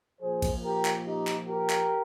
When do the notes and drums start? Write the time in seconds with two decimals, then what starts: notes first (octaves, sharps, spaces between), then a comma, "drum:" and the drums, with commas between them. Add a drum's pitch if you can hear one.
0.21 A#2 F3 G#4 C5
0.42 drum: kick A1, cymbal
0.63 G4 A#4
0.85 drum: clap
1.06 D#4 G4
1.27 drum: clap
1.48 G4 A#4
1.70 drum: clap